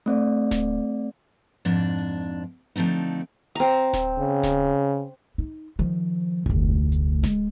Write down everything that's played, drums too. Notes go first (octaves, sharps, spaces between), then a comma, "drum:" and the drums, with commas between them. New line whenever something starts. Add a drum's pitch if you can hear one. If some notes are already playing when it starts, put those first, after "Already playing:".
A3 C4 D5
drum: snare D1
F2 G#2 D4
drum: open hi-hat
D3 F3 A3 C4 D#4, drum: hi-hat
C4 A#5
drum: snare D1
C#3
drum: snare D1
D#4
D#3 F3
F1 D2, drum: kick F#1
drum: hi-hat
G#3, drum: snare D1